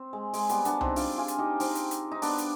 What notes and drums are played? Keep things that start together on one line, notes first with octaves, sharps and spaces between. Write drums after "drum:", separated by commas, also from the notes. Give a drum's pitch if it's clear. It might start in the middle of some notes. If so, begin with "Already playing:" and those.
Already playing: C4
G#3
G#3, drum: open hi-hat
G3 B3, drum: hi-hat
B3 D4, drum: hi-hat
C4 D#4, drum: tom C2
D4 F4, drum: open hi-hat
F4 G#4
drum: hi-hat
D#4 G4
C4 D#4, drum: open hi-hat
drum: hi-hat
drum: hi-hat
D#4
B3 D4, drum: open hi-hat
drum: hi-hat